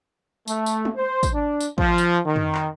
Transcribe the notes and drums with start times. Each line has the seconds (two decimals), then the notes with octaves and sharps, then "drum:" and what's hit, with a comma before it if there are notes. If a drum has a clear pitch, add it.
0.48 A3, drum: tambourine
0.66 drum: tambourine
0.85 drum: tom G#3
0.95 C5
1.23 drum: kick, tambourine
1.33 D4
1.61 drum: tambourine
1.78 F3, drum: kick
1.98 drum: tambourine
2.25 D#3
2.36 drum: tom
2.55 drum: clap